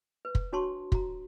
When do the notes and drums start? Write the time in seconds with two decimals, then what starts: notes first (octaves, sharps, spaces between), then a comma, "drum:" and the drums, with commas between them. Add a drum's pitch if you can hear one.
0.25 B4
0.35 drum: kick
0.53 D4 F#4 C#5 A5 C6 C#6
0.92 F#4 A#5, drum: kick